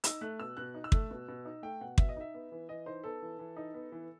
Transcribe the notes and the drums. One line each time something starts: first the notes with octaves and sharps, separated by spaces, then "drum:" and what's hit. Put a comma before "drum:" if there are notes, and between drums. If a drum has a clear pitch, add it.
D#4 E6, drum: hi-hat
A3 F#6
B2 E6
B2 F#6
D#4
E6
A3, drum: kick
B2
B2
D#4
A3 G5
B2 F#5
B2 E5, drum: kick
D#5
D#4 E5
B3
E3
E3 D#5
D#4 C5
B3 A4
E3
E3
D#4
B3
E3